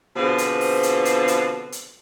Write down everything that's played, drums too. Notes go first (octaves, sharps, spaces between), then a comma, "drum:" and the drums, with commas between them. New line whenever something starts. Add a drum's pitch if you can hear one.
B2 D3 F3 C4 G#4 B4
drum: hi-hat
drum: open hi-hat
drum: hi-hat
drum: hi-hat
drum: hi-hat
drum: hi-hat